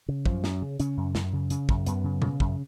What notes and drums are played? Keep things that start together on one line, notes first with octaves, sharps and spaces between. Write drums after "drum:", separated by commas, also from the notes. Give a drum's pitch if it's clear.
C#3
F#2 F3, drum: kick
F#2, drum: snare
C#3
C#3 C#4, drum: hi-hat
F#2
F#2, drum: snare
C#3
C#3, drum: hi-hat
F#2, drum: kick
F#2 B3, drum: hi-hat
C#3
C#3, drum: tom B2
F#2, drum: kick